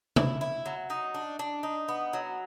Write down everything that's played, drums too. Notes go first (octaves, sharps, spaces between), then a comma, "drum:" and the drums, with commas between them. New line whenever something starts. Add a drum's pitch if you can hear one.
E4, drum: tom C3
E4
F#3
D#4
D4
D4
D#4
B3
F#3